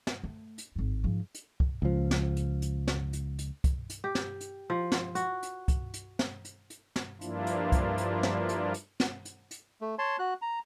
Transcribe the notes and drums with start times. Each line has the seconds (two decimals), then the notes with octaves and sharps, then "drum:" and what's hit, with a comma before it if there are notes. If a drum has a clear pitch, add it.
0.07 drum: snare
0.24 A3
0.58 drum: hi-hat
0.76 G#1 G2
1.04 G#2 F3
1.35 drum: hi-hat
1.60 drum: kick C2
1.82 C#2 F3
2.11 drum: snare
2.37 drum: hi-hat
2.62 drum: hi-hat
2.88 drum: snare
3.13 drum: hi-hat
3.39 drum: hi-hat
3.64 drum: kick C2, hi-hat
3.90 drum: hi-hat
4.04 G4
4.15 drum: snare
4.41 drum: hi-hat
4.70 F3
4.92 drum: snare
5.15 F#4, drum: hi-hat
5.43 drum: hi-hat
5.68 drum: kick C2, hi-hat
5.94 drum: hi-hat
6.19 drum: snare
6.45 drum: hi-hat
6.70 drum: hi-hat
6.96 drum: snare
7.21 G2 F3 A#3 D4 E4 F4, drum: hi-hat
7.47 drum: hi-hat
7.72 drum: kick C2, hi-hat
7.98 drum: hi-hat
8.23 drum: snare
8.49 drum: hi-hat
8.74 drum: hi-hat
9.00 drum: snare
9.25 drum: hi-hat
9.51 drum: hi-hat
9.81 A3
9.99 C#5 A5 C6
10.19 F#4 F#6
10.42 A#5